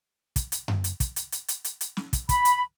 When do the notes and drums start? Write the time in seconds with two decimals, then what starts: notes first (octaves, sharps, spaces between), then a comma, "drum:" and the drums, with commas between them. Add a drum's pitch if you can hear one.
0.36 drum: kick, hi-hat
0.52 drum: hi-hat
0.68 drum: tom F#2
0.84 drum: hi-hat
1.00 drum: kick, hi-hat
1.16 drum: hi-hat
1.32 drum: hi-hat
1.48 drum: hi-hat
1.64 drum: hi-hat
1.81 drum: hi-hat
1.97 drum: snare
2.13 drum: kick, hi-hat
2.29 B5, drum: kick, hi-hat
2.45 drum: hi-hat